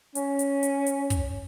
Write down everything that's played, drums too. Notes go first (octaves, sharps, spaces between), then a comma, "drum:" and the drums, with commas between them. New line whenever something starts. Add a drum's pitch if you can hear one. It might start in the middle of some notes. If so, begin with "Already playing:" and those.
C#4, drum: hi-hat
drum: hi-hat
drum: hi-hat
drum: hi-hat
drum: kick, hi-hat